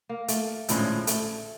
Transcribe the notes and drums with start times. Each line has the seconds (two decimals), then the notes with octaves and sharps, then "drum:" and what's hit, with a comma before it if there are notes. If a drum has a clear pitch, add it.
0.09 A#3
0.28 A3, drum: hi-hat
0.68 A#1 A2 F3 G#3 C#4, drum: hi-hat
1.07 A3, drum: hi-hat